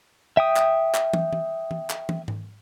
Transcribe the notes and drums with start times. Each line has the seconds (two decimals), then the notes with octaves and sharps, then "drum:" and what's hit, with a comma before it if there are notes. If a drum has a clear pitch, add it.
0.37 E5 G5 D#6
0.56 drum: clap
0.94 drum: clap
1.14 drum: tom
1.33 drum: tom E3
1.71 drum: tom E3
1.90 drum: clap
2.09 drum: tom
2.28 drum: tom G#2